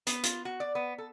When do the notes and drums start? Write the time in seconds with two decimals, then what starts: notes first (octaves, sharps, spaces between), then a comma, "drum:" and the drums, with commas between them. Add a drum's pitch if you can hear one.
0.07 B3, drum: hi-hat
0.23 F4, drum: hi-hat
0.45 F#4
0.60 D5
0.75 B3
0.98 A4